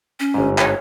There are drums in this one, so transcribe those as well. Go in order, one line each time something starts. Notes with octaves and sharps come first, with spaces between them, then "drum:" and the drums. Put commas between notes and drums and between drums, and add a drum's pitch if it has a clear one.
C#4
G1 G#2
C#5, drum: clap